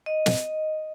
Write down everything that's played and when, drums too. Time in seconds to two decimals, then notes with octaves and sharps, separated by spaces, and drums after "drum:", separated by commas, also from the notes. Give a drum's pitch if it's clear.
0.06 D#5
0.26 drum: snare